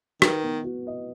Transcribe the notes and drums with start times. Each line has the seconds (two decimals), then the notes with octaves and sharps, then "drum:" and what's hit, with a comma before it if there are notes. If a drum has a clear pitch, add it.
0.22 D#3 B4, drum: rim click
0.43 B3
0.64 F#4
0.87 D#5